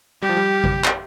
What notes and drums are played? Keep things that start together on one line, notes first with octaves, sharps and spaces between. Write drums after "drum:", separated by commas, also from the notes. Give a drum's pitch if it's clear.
G3 G4
F3
G3
drum: kick
drum: clap